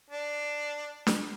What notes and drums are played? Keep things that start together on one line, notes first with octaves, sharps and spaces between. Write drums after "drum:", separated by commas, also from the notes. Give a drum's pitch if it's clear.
D4
drum: snare D4